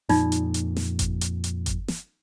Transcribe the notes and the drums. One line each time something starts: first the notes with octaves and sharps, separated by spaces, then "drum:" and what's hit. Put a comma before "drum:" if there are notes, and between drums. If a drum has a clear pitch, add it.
F2 A#2 D#4 F4 D5, drum: snare
drum: hi-hat
drum: hi-hat
drum: snare
drum: kick G1, hi-hat
drum: hi-hat
drum: hi-hat
drum: kick G1, hi-hat
drum: snare